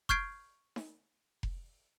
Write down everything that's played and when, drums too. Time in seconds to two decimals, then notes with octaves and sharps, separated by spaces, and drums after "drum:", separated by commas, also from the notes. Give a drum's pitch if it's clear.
0.09 C#6 F6 G6 G#6 C7 D7, drum: kick F1
0.76 drum: snare D#4
1.43 drum: kick F1